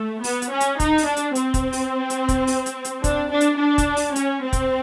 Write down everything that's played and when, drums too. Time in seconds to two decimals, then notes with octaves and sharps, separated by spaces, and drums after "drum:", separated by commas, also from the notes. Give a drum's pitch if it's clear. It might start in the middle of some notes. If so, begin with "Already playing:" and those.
Already playing: A3
0.24 B3, drum: open hi-hat
0.42 drum: hi-hat
0.51 C#4
0.60 drum: hi-hat
0.80 D#4, drum: kick, hi-hat
0.98 drum: open hi-hat
1.07 D4
1.16 drum: hi-hat
1.35 C4, drum: hi-hat
1.54 drum: kick, hi-hat
1.73 drum: open hi-hat
2.10 drum: hi-hat
2.29 drum: kick, hi-hat
2.47 drum: open hi-hat
2.66 drum: hi-hat
2.85 drum: hi-hat
3.04 D4, drum: kick, hi-hat
3.31 D4
3.41 drum: hi-hat
3.59 D4
3.78 drum: kick, hi-hat
3.97 drum: open hi-hat
4.16 C#4, drum: hi-hat
4.43 C4
4.53 drum: kick, hi-hat